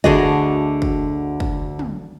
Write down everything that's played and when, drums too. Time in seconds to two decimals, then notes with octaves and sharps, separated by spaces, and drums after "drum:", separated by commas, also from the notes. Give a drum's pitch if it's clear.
0.04 D2 D3 F#4 G#4 D#5, drum: kick
0.82 drum: kick
1.40 drum: kick
1.79 drum: tom